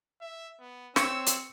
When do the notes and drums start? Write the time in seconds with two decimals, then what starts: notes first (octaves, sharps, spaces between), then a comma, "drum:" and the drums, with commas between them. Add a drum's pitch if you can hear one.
0.21 E5
0.60 B3
0.96 C4 C#5 C#6 E6 C#7, drum: snare
1.26 drum: hi-hat